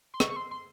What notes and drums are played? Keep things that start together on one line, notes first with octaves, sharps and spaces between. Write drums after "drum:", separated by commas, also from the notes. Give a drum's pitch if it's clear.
C6
C#6, drum: rim click
C#6
C6
C6